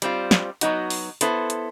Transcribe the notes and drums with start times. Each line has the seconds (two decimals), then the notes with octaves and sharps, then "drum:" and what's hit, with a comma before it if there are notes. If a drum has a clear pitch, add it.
0.02 G3 C4 F4, drum: hi-hat
0.31 drum: snare
0.61 F#3 B3 D#4 F#4, drum: hi-hat
0.90 drum: open hi-hat
1.21 B3 E4 A4 C5, drum: hi-hat
1.50 drum: hi-hat